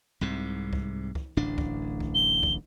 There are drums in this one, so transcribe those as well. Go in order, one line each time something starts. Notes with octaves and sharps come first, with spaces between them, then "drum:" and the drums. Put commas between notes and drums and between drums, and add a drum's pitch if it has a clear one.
C2 G#2 C3
drum: kick
drum: kick
D1 A1 D4
drum: kick
drum: kick
G7
drum: kick